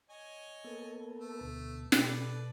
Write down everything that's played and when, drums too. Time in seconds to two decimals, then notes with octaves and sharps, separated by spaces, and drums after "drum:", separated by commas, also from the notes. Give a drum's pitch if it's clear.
0.10 C#5 D#5 G#5
0.64 A#3 B3 A4
1.20 A3
1.41 D2 B2
1.92 B2 A4 B4 D5, drum: snare